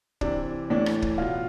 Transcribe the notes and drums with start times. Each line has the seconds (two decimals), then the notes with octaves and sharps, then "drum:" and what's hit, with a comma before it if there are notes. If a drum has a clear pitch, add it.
0.21 C3 E3 D4, drum: kick
0.70 A2 E3 D4
0.86 drum: rim click
1.02 drum: kick
1.18 B2 F4